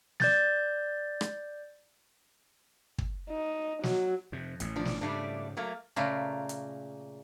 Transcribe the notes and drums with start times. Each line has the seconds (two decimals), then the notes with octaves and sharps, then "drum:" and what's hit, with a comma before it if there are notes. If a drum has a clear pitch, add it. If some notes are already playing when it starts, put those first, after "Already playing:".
0.20 D5 G6 A6, drum: snare
1.21 drum: rim click
2.98 drum: kick
3.30 D#4
3.83 F#3, drum: snare
4.32 F2 C3
4.60 A1 A2, drum: hi-hat
4.76 F3 D4
4.85 drum: snare
5.01 G#2 C#3 G3 A3 D4
5.57 F#3 A3 A#3
5.96 A#2 C#3 A3 A#3
6.49 drum: hi-hat